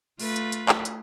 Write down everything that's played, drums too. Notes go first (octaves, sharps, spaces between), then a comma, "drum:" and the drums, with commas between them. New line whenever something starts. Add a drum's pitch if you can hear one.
A3 F4 B4, drum: open hi-hat
drum: hi-hat
drum: hi-hat
drum: clap
drum: hi-hat